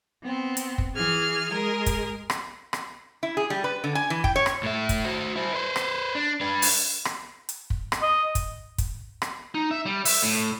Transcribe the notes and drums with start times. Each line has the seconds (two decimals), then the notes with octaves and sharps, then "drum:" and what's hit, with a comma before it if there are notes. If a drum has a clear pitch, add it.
0.21 B3 C4
0.57 drum: hi-hat
0.78 drum: kick
0.95 E3 G#4 F6 G#6
1.52 G#3 G#4 A#4
1.86 drum: kick, hi-hat
2.30 drum: rim click
2.73 drum: rim click
3.23 E4
3.37 G#4
3.50 G3
3.64 B4
3.84 D3
3.95 G#5
4.10 E3
4.24 G5, drum: kick
4.36 C#5
4.46 drum: rim click
4.63 A2 E5
4.89 drum: kick, hi-hat
5.05 F#4 C5
5.36 E4 C5
5.54 B4 C5
5.76 drum: rim click
6.15 D4
6.41 D4 B4
6.62 drum: open hi-hat
7.05 drum: rim click
7.49 drum: hi-hat
7.70 drum: kick
7.92 drum: rim click
8.02 D#5
8.35 drum: kick, hi-hat
8.78 drum: kick, hi-hat
9.22 drum: rim click
9.54 D#4
9.71 E5
9.86 G3
10.05 E5, drum: open hi-hat
10.23 A2